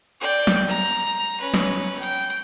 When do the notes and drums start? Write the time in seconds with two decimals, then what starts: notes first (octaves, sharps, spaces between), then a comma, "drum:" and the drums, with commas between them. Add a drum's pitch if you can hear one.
0.21 D5 G5
0.47 drum: snare
0.69 A#5
1.40 C#4 B4
1.54 drum: snare
1.99 G5